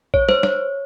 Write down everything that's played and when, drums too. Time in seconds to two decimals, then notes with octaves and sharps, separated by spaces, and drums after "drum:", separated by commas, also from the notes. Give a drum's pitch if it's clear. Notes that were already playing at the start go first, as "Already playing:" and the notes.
0.14 C#5, drum: kick A#1
0.29 C5, drum: snare
0.43 C#5, drum: snare